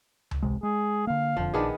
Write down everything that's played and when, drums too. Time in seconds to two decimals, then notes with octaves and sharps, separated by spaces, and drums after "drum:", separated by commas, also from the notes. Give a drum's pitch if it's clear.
0.31 drum: tom C#2
0.43 A1 C3 G#3
0.63 G#3 G#4
1.07 D3 A#3 F5
1.37 E1 F2 D3 F3
1.54 A#1 D#3 B3 D4 G#4